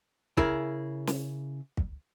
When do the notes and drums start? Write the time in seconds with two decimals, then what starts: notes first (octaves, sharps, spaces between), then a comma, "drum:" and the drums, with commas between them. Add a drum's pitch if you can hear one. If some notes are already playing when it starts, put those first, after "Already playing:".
0.37 C#3 E4 G#4 A#4, drum: kick
1.07 drum: snare
1.77 drum: kick